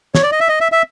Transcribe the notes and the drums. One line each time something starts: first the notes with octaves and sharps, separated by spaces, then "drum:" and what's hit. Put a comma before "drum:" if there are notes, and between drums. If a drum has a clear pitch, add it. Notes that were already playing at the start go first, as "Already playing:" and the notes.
C#5, drum: snare
D5
D#5
E5
D#5
E5
E5